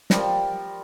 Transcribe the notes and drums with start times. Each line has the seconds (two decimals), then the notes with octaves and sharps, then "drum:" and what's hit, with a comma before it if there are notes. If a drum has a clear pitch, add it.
0.10 F3 G3 A#4 D5, drum: snare